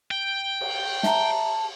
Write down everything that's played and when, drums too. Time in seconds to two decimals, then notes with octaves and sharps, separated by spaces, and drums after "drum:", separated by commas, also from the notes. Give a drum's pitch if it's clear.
0.11 G5
0.61 drum: cymbal
1.03 E5 A5 A#5, drum: snare